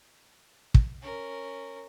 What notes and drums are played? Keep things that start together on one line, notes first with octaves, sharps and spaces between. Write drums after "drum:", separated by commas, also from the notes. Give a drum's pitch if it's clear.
drum: kick
C#4 A#4